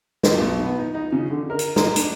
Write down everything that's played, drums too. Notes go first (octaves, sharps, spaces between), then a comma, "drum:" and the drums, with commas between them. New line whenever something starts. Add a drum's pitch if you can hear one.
D#4, drum: snare
B1
B3
D#4
D#4
C#3
D3
A#4
drum: hi-hat
A#5, drum: snare
D4, drum: hi-hat